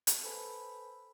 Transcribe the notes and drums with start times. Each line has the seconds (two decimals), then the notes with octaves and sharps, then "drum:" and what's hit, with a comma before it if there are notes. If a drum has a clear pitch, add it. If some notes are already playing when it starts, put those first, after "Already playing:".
0.07 drum: hi-hat
0.24 A4 B4 C5 G#5 A5 B5